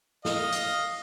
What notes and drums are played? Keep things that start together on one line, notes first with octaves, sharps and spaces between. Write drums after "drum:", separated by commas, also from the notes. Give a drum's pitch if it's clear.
D#5 F5, drum: snare
drum: hi-hat